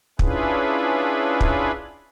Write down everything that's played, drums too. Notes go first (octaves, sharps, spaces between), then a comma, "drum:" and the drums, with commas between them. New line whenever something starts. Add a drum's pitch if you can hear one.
C#4 D4 E4 F4 G#4 B4, drum: kick
drum: kick